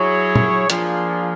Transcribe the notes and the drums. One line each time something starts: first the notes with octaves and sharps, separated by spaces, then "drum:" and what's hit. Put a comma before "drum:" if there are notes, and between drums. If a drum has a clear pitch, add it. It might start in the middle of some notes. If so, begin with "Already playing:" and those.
Already playing: F#3 E4 G#4 C#5
drum: tom
F3 A#3 D4 F4 G#4, drum: hi-hat